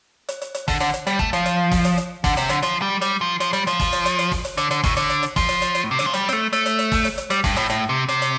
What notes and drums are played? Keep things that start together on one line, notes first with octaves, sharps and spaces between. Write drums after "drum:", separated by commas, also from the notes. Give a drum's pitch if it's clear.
drum: hi-hat
drum: hi-hat
drum: hi-hat
D3, drum: kick, open hi-hat
D3, drum: hi-hat
drum: hi-hat
G3, drum: hi-hat
A3, drum: kick
F3, drum: hi-hat
drum: hi-hat
drum: kick, open hi-hat
drum: hi-hat
drum: hi-hat
D3, drum: kick, open hi-hat
C3, drum: hi-hat
D3, drum: hi-hat
F3, drum: hi-hat
G3
G3, drum: hi-hat
F3
F3, drum: hi-hat
G3, drum: hi-hat
F3, drum: hi-hat
drum: kick, open hi-hat
drum: hi-hat
drum: hi-hat
drum: hi-hat
drum: kick, open hi-hat
drum: hi-hat
D3, drum: hi-hat
D3, drum: hi-hat
A2, drum: kick, open hi-hat
D3, drum: hi-hat
drum: hi-hat
drum: hi-hat
F3, drum: kick, open hi-hat
drum: hi-hat
drum: hi-hat
drum: hi-hat
A2
C3
D3, drum: hi-hat
F3
G3, drum: hi-hat
C4, drum: hi-hat
A3
A3, drum: hi-hat
drum: hi-hat
drum: hi-hat
drum: kick, open hi-hat
drum: hi-hat
drum: hi-hat
G3, drum: hi-hat
G2, drum: kick, open hi-hat
A2, drum: hi-hat
A2, drum: hi-hat
C3
C3, drum: hi-hat
drum: hi-hat